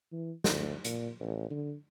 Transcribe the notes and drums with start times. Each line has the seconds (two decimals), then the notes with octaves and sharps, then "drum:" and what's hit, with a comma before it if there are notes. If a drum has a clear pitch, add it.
0.12 E3
0.44 D2, drum: snare
0.84 A#2, drum: hi-hat
1.20 A1
1.50 D3